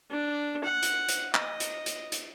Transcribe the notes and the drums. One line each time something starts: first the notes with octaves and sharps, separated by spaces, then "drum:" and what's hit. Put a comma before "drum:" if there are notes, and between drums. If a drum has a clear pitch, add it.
D4
F#5
drum: hi-hat
drum: hi-hat
D#5, drum: clap
drum: hi-hat
drum: hi-hat
drum: hi-hat